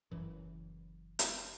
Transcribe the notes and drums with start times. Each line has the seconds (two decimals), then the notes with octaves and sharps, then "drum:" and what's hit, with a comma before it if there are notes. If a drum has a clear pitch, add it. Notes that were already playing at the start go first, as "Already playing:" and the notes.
0.11 F#1 F#2 E3
1.19 drum: hi-hat